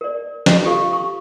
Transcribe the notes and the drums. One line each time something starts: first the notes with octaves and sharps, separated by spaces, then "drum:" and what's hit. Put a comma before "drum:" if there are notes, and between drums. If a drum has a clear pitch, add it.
A#4 D5
drum: snare
F4 G4 A4 F5
C#6